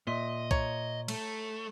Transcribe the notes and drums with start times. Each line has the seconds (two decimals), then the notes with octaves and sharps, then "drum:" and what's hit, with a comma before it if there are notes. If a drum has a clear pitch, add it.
0.07 A#2 D#5 E5 C6
0.51 C#5 A#5, drum: kick B1
1.08 A3, drum: cymbal